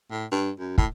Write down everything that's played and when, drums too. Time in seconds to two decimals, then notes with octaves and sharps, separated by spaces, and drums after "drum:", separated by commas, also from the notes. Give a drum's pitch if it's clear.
0.11 A2
0.32 G2
0.59 F#2
0.78 A2, drum: kick